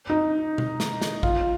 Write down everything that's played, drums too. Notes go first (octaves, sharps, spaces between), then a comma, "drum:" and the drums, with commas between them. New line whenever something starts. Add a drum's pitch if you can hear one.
D#4
drum: tom B2
drum: snare
drum: snare
F4, drum: kick